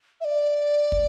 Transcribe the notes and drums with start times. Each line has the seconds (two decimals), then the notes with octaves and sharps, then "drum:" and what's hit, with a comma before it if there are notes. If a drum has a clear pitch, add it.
0.20 E5
0.24 D5
0.92 drum: kick